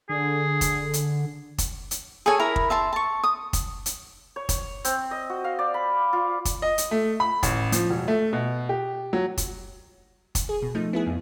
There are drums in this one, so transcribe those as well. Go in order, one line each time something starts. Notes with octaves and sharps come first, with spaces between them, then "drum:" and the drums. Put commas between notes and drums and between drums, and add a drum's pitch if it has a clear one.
D3 G#4
drum: kick, hi-hat
drum: hi-hat
drum: kick, hi-hat
drum: hi-hat
G#4 A4 C#5 G#5
E4 A#4 A#5 B5
drum: kick
E5 A5 C6
A5 C#6
D#6
drum: kick, hi-hat
drum: hi-hat
C#5
C#5, drum: kick, hi-hat
C4, drum: hi-hat
D#5
F#4
F5
D5
B5
F4
drum: kick, hi-hat
D#5
drum: hi-hat
A3
B5
A1, drum: kick, hi-hat
F3, drum: hi-hat
E1
A3
B2
G4
F#3
drum: kick, hi-hat
drum: kick, hi-hat
G#4
B2
F3 A3 D#4
B3 E4 G#4
F2